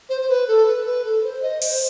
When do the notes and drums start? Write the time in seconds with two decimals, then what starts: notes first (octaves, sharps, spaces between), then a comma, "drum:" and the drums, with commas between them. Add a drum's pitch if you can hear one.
0.09 C5
0.21 C5
0.29 B4
0.48 A4
0.67 B4
0.85 B4
1.05 A4
1.24 C5
1.42 D#5
1.61 C5, drum: open hi-hat